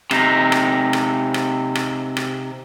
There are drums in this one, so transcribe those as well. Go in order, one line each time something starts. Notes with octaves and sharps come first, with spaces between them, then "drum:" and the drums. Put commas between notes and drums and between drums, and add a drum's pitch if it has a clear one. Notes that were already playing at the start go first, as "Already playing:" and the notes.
C3 D#4, drum: rim click
drum: rim click
drum: rim click
drum: rim click
drum: rim click
drum: rim click